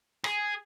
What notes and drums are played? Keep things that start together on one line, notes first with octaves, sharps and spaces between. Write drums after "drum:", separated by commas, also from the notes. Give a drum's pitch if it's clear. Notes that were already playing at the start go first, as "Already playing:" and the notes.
G#4, drum: rim click